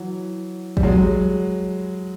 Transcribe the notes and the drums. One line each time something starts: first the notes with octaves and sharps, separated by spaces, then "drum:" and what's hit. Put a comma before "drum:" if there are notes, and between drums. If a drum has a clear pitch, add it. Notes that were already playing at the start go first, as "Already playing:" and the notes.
Already playing: E3 F#3
G3, drum: kick
F#3 G#3
drum: tom